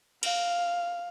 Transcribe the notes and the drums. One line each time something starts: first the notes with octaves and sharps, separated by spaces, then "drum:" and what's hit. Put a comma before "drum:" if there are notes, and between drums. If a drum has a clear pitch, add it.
F5, drum: cymbal